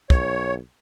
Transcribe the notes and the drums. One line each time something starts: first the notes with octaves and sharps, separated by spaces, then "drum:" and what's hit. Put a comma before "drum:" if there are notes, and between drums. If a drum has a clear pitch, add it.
B1 C#5, drum: kick